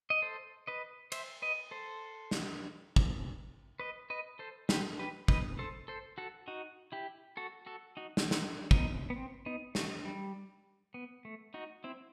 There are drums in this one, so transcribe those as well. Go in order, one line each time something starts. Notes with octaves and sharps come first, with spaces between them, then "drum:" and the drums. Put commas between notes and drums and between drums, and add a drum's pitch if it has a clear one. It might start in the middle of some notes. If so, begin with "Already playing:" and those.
D#5
A4 C5
B4 D#5
C5 E5, drum: cymbal
B4 D#5
A4 C5
drum: snare
drum: kick
B4 D#5
B4 D#5
A4 C5
G4 B4, drum: snare
G4 B4
B4 D#5, drum: kick
A4 C5
A4 C5
F#4 A4
D#4 F#4
E4 G4
F#4 A4
F#4 A4
D#4 F#4
drum: snare
drum: snare
B3 D#4, drum: kick
B3
C4
B3 D#4
A3, drum: snare
G3
B3
A3
D#4 F#4
C4 E4